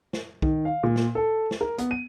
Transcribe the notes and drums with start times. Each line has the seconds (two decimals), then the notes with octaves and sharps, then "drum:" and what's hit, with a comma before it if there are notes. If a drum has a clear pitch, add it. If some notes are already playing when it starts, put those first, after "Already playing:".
0.13 drum: snare
0.42 D#3, drum: kick B1
0.65 F5
0.83 A#2
0.96 drum: snare
1.15 A4
1.51 drum: snare
1.61 A#4
1.78 B3, drum: hi-hat
1.91 D#7